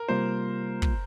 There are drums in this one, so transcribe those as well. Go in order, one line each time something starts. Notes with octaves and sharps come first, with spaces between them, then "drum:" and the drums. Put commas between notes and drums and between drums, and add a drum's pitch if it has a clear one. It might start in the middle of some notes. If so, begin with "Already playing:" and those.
Already playing: A#4
C3 G3 A#3 F4 C5
drum: kick